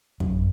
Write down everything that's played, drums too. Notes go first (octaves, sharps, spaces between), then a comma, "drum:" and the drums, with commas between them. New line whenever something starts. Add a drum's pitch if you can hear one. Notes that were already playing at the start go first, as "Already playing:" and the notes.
F#2, drum: kick